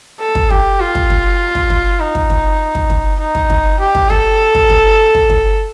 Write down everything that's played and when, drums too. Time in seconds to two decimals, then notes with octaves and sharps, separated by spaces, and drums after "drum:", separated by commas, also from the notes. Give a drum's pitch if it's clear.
0.20 A4
0.35 drum: kick
0.50 G4, drum: kick
0.80 F4
0.95 drum: kick
1.10 drum: kick
1.55 drum: kick
1.70 drum: kick
2.00 D#4
2.15 drum: kick
2.30 drum: kick
2.75 drum: kick
2.90 drum: kick
3.20 D#4
3.35 drum: kick
3.50 drum: kick
3.80 G4
3.95 drum: kick
4.10 A4, drum: kick
4.55 drum: kick
4.70 drum: kick
5.15 drum: kick
5.30 drum: kick